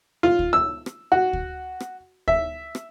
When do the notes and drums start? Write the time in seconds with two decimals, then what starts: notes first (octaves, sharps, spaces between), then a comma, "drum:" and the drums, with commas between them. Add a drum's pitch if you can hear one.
0.23 F4
0.39 drum: kick D2
0.53 E6
0.86 drum: rim click
1.12 F#4
1.33 drum: kick D2
1.80 drum: rim click
2.28 E5, drum: kick D2
2.75 drum: rim click